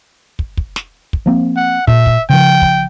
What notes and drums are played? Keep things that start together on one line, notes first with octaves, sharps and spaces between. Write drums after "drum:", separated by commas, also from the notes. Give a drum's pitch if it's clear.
drum: kick
drum: kick
drum: snare
drum: kick
F3 A#3 C4
F#5
A#2 E5, drum: kick
drum: kick
C#3 F3 G5
drum: kick